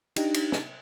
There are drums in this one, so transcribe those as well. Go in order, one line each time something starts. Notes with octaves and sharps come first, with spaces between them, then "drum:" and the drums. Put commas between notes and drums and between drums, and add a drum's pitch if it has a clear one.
D4 D#4 G4, drum: cymbal
drum: cymbal
drum: snare